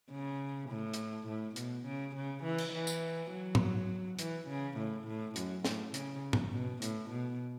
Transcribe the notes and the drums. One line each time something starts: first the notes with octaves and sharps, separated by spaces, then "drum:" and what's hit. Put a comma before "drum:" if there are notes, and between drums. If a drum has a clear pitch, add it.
C#3
A2
drum: hi-hat
A2
B2, drum: hi-hat
C#3
C#3
E3
drum: cymbal
E3
drum: tambourine
F#3
drum: tom G#2
E3, drum: hi-hat
C#3
A2
A2
F#2, drum: hi-hat
A2, drum: snare
C#3, drum: hi-hat
drum: tom G#2
B2
A2, drum: hi-hat
B2